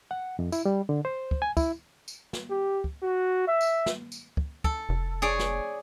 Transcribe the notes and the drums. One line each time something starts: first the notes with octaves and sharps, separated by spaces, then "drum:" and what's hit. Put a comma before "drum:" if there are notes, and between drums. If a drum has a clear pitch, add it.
F#5
F2
E4, drum: tambourine
G3
D3
C5
drum: kick
G#5
E4, drum: kick, tambourine
drum: tambourine
drum: snare
G4
drum: kick
F#4
E5
drum: tambourine
drum: snare
drum: tambourine
drum: kick
A4, drum: kick
F1
G#4 C#5 D5
drum: snare